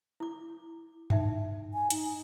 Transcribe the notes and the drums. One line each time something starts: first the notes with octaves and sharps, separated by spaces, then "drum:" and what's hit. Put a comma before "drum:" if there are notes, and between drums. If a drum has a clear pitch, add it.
E4 D6
D#4 E5 G5, drum: tom G2
G#5
D#4, drum: hi-hat